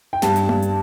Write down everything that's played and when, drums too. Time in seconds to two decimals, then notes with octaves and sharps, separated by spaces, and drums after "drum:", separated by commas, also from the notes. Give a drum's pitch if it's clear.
0.13 G5
0.22 G2 A5, drum: snare
0.36 drum: hi-hat
0.49 G2, drum: tom A#3
0.62 drum: hi-hat